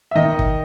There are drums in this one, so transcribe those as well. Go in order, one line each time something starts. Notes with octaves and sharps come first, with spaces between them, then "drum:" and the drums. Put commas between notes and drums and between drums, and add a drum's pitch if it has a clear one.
E5
D#3 D#5
drum: kick